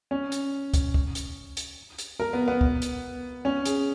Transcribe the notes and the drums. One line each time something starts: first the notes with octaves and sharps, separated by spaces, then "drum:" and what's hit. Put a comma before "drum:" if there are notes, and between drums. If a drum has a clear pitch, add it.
C#4
drum: hi-hat
drum: kick, hi-hat
drum: kick
drum: hi-hat
drum: hi-hat
drum: hi-hat
A#4
B3
B3
drum: kick
drum: hi-hat
C#4
G#4, drum: hi-hat